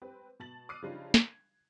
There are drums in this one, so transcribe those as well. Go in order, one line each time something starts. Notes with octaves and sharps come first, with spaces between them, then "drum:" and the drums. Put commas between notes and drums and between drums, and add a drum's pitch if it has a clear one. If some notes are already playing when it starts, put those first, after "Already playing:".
C4 G4 B4
B2 A5 A6 F#7
D6 D#6 F6 F#6 C7 D#7
C#3 F3 G3 D4 D#4 F4
G#6, drum: snare